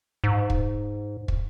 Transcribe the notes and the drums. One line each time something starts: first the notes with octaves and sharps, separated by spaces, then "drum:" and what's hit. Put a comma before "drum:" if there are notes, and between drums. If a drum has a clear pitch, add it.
G#2
drum: kick
drum: kick